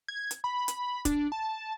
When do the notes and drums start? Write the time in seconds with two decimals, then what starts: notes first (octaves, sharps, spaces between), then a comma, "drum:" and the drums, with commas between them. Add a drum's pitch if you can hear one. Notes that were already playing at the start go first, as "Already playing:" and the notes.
0.08 G#6
0.31 drum: hi-hat
0.44 B5
0.68 drum: hi-hat
1.05 D4, drum: kick, hi-hat
1.32 A5